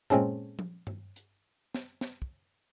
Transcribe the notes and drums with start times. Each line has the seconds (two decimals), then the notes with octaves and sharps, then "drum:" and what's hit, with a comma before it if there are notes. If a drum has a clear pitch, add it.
0.10 A#2 G#3 C4 C#4 G#4 A4, drum: tom G2
0.59 drum: tom F3
0.87 drum: tom G2
1.16 drum: hi-hat
1.75 drum: snare
2.01 drum: snare
2.22 drum: kick